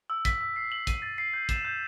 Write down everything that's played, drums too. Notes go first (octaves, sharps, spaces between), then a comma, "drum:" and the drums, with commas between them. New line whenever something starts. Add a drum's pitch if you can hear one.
E6
B6, drum: kick, hi-hat
E6
C7
F#7
D#7, drum: kick, hi-hat
A6
C7
G6
E7, drum: kick, hi-hat
G6